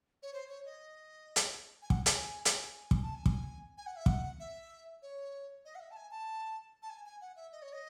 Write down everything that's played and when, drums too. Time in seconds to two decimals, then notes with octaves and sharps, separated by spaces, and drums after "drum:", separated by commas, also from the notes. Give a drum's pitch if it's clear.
0.23 C#5
0.33 C5
0.49 C#5
0.65 D#5
1.36 drum: hi-hat
1.82 G#5
1.90 F#5, drum: kick
2.06 G#5, drum: hi-hat
2.45 A5, drum: hi-hat
2.52 G#5
2.91 drum: kick
3.02 A5
3.15 G#5
3.26 drum: kick
3.78 G#5
3.86 F#5
3.96 E5
4.06 F#5, drum: kick
4.40 E5
5.02 C#5
5.65 D#5
5.75 F#5
5.80 E5
5.91 A5
5.96 G#5
6.11 A5
6.82 A5
6.90 G#5
7.05 G#5
7.21 F#5
7.36 E5
7.52 D#5
7.62 C#5
7.73 D#5